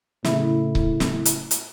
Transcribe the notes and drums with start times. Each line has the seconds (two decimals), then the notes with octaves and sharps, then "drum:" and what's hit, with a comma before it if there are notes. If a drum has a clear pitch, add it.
0.25 A2 C#3 E4, drum: snare
0.75 drum: kick C#1
1.00 drum: snare
1.25 drum: hi-hat
1.51 drum: hi-hat